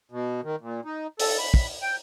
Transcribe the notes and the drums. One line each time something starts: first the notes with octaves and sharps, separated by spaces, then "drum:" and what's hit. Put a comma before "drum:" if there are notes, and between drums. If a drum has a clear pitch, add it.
B2
D#3
A#2
D#4
A4, drum: open hi-hat
B5
drum: kick
G5